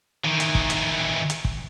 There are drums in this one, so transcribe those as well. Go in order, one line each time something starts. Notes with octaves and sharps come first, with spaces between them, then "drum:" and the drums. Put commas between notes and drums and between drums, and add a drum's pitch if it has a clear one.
D#3 E3
drum: hi-hat
drum: kick
drum: hi-hat
drum: hi-hat
drum: kick